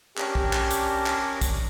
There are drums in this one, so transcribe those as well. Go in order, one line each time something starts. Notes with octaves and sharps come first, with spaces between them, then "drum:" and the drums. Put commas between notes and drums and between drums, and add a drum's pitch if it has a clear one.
C#4 D4 G4 A#4, drum: clap
drum: kick
drum: clap
drum: hi-hat
drum: clap
drum: kick, hi-hat